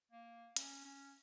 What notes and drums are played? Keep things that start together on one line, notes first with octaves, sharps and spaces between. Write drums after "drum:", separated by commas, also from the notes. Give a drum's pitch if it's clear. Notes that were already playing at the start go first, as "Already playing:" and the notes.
A#3
C#4, drum: hi-hat
C#4